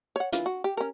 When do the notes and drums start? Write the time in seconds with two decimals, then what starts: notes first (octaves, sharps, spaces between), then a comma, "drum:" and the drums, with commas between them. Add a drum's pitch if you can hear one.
0.16 C#5 F#5
0.33 E3 F4 B4, drum: hi-hat
0.46 F#4
0.64 G4
0.77 C#4 A#4